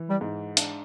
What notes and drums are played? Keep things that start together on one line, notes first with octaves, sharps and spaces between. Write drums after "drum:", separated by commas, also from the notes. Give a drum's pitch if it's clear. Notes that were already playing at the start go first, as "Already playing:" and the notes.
Already playing: E3
G3
G#2
D4, drum: hi-hat